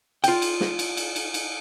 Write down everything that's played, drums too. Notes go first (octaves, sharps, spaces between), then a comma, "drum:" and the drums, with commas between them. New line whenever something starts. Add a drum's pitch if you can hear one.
F4 G5, drum: cymbal
drum: cymbal
drum: snare
drum: cymbal
drum: cymbal
drum: cymbal
drum: cymbal